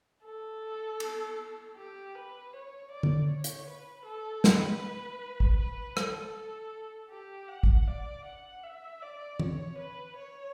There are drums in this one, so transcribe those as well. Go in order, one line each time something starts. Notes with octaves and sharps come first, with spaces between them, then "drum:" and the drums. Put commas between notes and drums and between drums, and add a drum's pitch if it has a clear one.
A4
drum: cymbal
G4
B4
C#5
D5
drum: tom D3
C#5
drum: hi-hat
B4
A4
B4, drum: snare
drum: kick
B4
A4, drum: rim click
G4
F#5
drum: kick
D5
F#5
E5
D5
C#5, drum: tom E3
B4
C#5